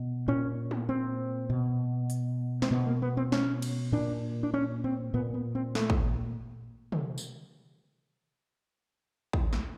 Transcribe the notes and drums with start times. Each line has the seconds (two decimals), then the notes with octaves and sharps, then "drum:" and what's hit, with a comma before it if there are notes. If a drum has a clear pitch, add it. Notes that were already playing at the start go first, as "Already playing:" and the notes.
Already playing: B2
0.28 A#2 C#4
0.71 drum: tom
0.89 C4
1.50 B2
2.10 drum: hi-hat
2.62 C4, drum: snare
2.71 B2 B3
2.87 A#3
3.02 B3
3.17 C4
3.32 C#4, drum: snare
3.62 drum: cymbal
3.92 A#2 D4
4.43 D4
4.54 C#4
4.84 C4
5.14 A#2 B3
5.34 B3
5.55 C4
5.75 A3, drum: snare
5.90 drum: kick
6.92 drum: tom
7.18 drum: tambourine
9.33 drum: kick
9.53 drum: snare